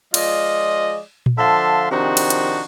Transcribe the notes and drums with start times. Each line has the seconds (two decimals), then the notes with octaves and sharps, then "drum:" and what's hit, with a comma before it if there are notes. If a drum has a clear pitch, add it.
0.14 F3 G#3 F4 D5 D#5, drum: cymbal
1.26 drum: tom A#2
1.38 D3 F3 E5 F5 A5 C6
1.91 C3 D#3 F3 D4 D#4 F#4
2.17 drum: cymbal
2.30 drum: hi-hat